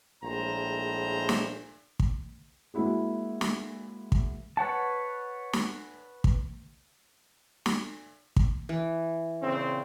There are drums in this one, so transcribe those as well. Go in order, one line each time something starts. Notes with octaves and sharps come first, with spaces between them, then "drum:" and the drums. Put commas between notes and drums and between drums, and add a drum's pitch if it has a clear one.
A#1 A2 G#3 C5 A#5
drum: snare
drum: kick
G#3 A#3 C4 E4 F#4 G#4
drum: snare
drum: kick
B4 C#5 F#5 A5
drum: snare
drum: kick
drum: snare
drum: kick
E3
A#2 C#3 C4